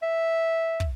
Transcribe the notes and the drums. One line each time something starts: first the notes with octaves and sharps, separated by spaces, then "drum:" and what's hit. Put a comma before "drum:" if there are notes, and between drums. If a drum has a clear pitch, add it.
E5
drum: kick